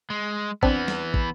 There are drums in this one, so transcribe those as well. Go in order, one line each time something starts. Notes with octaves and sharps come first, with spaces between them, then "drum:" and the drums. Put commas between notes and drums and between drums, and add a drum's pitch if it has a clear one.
G#3
E3 B3 C4 D4, drum: kick
drum: snare
drum: kick